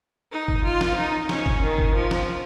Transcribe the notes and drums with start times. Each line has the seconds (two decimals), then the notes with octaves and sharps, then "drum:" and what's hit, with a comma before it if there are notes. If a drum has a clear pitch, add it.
0.32 D#4
0.48 drum: kick G1
0.64 F4
0.81 drum: snare
0.97 D#4
1.29 C#4, drum: snare
1.46 drum: kick G1
1.63 D#3
1.79 drum: kick G1
1.95 F3
2.11 drum: snare